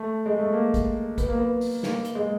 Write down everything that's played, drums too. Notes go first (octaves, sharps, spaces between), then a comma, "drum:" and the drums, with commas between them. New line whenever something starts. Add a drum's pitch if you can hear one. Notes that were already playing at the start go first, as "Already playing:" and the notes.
Already playing: A3
G#3
A3
A#3
drum: kick, hi-hat
B3, drum: kick, hi-hat
A#3
B3
drum: open hi-hat
A#3, drum: snare
drum: hi-hat
G#3